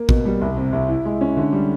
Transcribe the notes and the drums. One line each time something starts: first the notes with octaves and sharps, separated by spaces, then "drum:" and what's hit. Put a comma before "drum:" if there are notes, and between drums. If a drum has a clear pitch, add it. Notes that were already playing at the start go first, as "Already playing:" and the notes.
Already playing: A#3
B2, drum: kick A1
G3
C2
C3
C2
E4
G#3
C#4
D3
G3